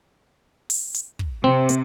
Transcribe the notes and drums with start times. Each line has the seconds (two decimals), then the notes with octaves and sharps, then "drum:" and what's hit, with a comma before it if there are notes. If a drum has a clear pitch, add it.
0.70 drum: open hi-hat
0.94 drum: hi-hat
1.19 drum: kick
1.44 C3 C4
1.69 drum: hi-hat